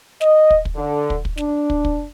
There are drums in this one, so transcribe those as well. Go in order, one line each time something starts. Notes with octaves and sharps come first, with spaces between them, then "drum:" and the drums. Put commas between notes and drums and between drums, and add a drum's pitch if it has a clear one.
D#5, drum: snare
drum: kick
drum: kick
D3
drum: kick
drum: kick
D4, drum: snare
drum: kick
drum: kick